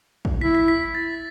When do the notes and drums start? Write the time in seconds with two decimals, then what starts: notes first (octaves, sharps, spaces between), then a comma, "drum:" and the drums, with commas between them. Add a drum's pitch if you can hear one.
0.25 drum: kick
0.41 E4 B6
0.55 B6
0.68 B6
0.95 A6